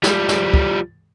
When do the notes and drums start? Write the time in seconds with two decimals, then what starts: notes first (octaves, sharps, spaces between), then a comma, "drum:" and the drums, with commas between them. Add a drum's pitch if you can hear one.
0.03 F3 G3, drum: snare
0.28 drum: snare
0.53 drum: kick